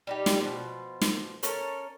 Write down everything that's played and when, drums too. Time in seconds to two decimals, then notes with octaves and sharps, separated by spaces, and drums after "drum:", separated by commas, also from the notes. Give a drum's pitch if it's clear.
0.07 G3 D#4 G4
0.26 drum: snare
0.41 B2 F3
1.01 drum: snare
1.43 C#4 A4 A#4 C#5, drum: hi-hat